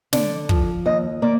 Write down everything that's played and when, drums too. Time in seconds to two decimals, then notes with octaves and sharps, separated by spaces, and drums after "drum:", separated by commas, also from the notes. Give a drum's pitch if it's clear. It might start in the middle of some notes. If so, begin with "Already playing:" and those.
0.13 D3 D5, drum: snare
0.49 F3, drum: kick
0.86 D#2 D#5
1.22 A#3 D5